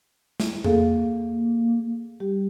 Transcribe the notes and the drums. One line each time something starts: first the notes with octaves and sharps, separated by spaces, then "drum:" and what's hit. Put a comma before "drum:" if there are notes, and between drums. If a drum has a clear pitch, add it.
drum: snare
A#3 G#4 A4 F5, drum: tom E2
G3 G4